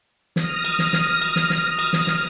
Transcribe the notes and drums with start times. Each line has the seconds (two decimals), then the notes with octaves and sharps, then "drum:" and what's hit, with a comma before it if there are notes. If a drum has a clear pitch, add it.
0.36 D#6 F6 A#6, drum: snare
0.64 drum: cymbal
0.79 drum: snare
0.93 drum: snare
1.21 drum: cymbal
1.36 drum: snare
1.50 drum: snare
1.79 drum: cymbal
1.93 drum: snare
2.07 drum: snare